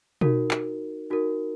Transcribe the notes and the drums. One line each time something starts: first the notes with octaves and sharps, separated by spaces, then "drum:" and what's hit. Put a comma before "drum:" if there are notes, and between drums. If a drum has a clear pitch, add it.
D#4 F#4 A#4, drum: tom B2
drum: clap
D#4 F#4 A#4